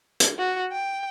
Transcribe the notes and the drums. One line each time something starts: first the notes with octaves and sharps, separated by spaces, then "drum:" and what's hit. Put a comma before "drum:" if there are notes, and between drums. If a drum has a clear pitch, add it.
drum: hi-hat
F#4
G5